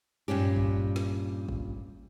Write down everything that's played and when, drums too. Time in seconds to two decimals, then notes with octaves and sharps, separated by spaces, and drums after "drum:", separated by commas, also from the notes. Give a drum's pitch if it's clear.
0.28 G2 A#2 C#4 G4
0.56 drum: kick
0.96 drum: snare
1.48 drum: kick